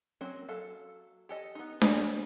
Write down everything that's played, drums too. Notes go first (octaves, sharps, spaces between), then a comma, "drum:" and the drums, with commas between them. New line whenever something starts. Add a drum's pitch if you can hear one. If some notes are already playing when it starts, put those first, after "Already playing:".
F#3 A#3 C4 C#4
F#3 A4 F5
G4 A4 D#5
B3 D#4
F#4 G#4 C5 C#5, drum: snare D4